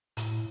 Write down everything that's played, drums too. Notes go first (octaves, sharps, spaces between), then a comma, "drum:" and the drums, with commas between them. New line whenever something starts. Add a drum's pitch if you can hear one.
A2, drum: hi-hat